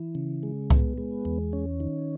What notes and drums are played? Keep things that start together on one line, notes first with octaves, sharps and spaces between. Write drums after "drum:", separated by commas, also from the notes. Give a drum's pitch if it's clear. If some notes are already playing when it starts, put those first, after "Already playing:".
Already playing: E3
C#3
G#3
B3, drum: kick C2
G#3
E2
C#4
D#3